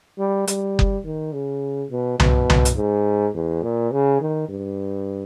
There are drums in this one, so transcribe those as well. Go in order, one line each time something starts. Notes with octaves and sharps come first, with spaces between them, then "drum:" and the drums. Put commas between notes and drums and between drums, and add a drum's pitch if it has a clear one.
G3
G3, drum: hi-hat
drum: kick F#1
D#3
C#3
B2
B2, drum: tom C2
drum: tom C2
drum: hi-hat
G#2
E2
A#2
C#3
D#3
G2